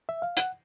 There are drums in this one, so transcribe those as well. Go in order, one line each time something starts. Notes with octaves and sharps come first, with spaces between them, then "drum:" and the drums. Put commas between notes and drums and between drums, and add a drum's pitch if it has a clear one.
E5
F5
F#5, drum: hi-hat